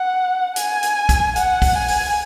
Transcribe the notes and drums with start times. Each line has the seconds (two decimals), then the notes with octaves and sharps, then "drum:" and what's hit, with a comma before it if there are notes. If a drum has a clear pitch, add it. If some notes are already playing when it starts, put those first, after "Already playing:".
Already playing: F#5
0.56 G#5, drum: hi-hat
0.83 drum: hi-hat
1.09 drum: kick, hi-hat
1.36 F#5, drum: hi-hat
1.62 drum: kick, open hi-hat
1.75 G#5
1.88 drum: open hi-hat